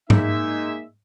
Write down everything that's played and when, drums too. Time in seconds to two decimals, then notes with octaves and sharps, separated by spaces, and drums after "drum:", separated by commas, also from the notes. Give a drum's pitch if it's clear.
0.10 G#3 A#3 D#4 E5, drum: tom G#2